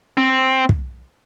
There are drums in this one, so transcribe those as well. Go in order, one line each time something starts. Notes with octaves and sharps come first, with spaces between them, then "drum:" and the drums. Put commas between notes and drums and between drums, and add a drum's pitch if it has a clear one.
C4
drum: kick